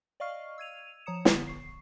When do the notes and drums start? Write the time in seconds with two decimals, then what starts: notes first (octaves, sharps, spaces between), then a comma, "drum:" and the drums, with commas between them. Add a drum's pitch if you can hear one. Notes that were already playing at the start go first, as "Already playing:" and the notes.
0.20 D5 D#5 F5 C#6 F6 C7
0.58 E6 G#6 D#7 F7
1.06 F3 C#5 A#5 D#6 C#7 E7
1.25 D3 B3, drum: snare
1.47 C#6 C7